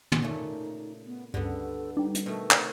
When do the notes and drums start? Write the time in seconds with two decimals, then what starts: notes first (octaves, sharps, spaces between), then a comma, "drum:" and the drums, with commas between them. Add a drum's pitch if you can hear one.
0.12 drum: tom
0.22 A#2 C#3 A3 D#4
1.06 B3
1.34 C#2 G2 D3 G3 B3 A4
1.97 G3 D4 D#4
2.15 drum: hi-hat
2.26 B2 D#3 A3 A4
2.51 C3, drum: clap